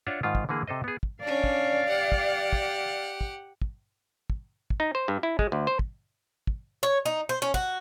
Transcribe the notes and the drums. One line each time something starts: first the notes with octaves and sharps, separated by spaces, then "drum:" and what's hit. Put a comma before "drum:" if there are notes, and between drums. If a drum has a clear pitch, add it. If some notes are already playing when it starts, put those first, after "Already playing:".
D4 F4 C#5 E5 F#5
G#2 D#3 F4
drum: kick
D3 E3 A#3 G#4
C3 A4 C5 D#5
B3 G#4
drum: kick
C#4 D4 D5 F5
drum: kick
G4 F#5
drum: kick
drum: kick
drum: kick
drum: kick
drum: kick
drum: kick
D#4
C5
G2
E4
G#3, drum: kick
D2
C5
drum: kick
drum: kick
C#5
D#4
C5
C#4
F#4, drum: kick